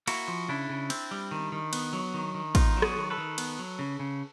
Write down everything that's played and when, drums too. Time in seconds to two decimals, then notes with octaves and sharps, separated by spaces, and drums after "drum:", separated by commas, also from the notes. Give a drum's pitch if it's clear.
0.07 A#3 E4 F#4, drum: cymbal
0.28 F3
0.48 C#3 D4 E4
0.69 C#3
0.90 C4, drum: cymbal
1.11 G3
1.31 D#3
1.52 D#3
1.73 B3, drum: cymbal
1.93 F#3
2.14 D#3
2.34 D#3
2.55 B3 D#4 F4, drum: kick, cymbal
2.77 F#3
2.82 F#4 G#4, drum: rim click
2.97 D#3
3.10 A4 B4
3.18 D#3
3.38 B3, drum: cymbal
3.59 F#3
3.79 C#3
3.99 C#3